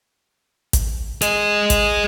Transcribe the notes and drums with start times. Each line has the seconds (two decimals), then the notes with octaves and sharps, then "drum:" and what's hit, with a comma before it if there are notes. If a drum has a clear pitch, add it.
0.73 drum: kick, hi-hat
1.22 G#4 D#5, drum: hi-hat
1.70 drum: kick, hi-hat